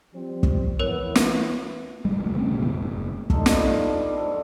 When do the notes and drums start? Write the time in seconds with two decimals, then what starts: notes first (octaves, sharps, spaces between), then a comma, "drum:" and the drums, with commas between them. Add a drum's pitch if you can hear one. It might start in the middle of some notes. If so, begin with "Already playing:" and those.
0.14 F3 G3 C4
0.43 drum: kick
0.79 E3 B3 A#4 C#5
1.15 drum: snare
2.05 G#1 G3 G#3
2.21 F1 D2
2.37 A3 C4 C#4
2.50 A#1 B2 D3 A#3
2.62 E2 A2 G#3 B3
2.81 F#1
3.30 D4 D#4 F4 A4, drum: kick
3.46 G2 F5 A5, drum: snare
3.67 F5
3.99 G3 D4
4.17 G#2 F3 A4